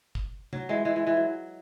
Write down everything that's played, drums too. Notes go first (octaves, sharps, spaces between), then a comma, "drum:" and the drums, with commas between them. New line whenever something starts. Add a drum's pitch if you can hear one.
drum: kick
F#3, drum: tom
E3 G#3
E3 G#3
E3
E3
F#3